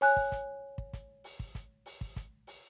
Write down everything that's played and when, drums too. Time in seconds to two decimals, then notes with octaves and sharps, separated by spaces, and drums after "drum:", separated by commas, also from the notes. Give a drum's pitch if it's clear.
0.01 C#5 G#5 F#6, drum: open hi-hat
0.17 drum: kick
0.32 drum: kick, hi-hat
0.78 drum: kick
0.93 drum: kick, hi-hat
1.24 drum: open hi-hat
1.39 drum: kick
1.55 drum: kick, hi-hat
1.86 drum: open hi-hat
2.01 drum: kick
2.16 drum: kick, hi-hat
2.47 drum: open hi-hat